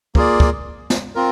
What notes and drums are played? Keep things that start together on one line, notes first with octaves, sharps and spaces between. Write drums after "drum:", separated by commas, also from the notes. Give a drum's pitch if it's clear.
A#3 F4 G#4 D5, drum: kick
drum: kick
drum: snare
C4 F4 A#4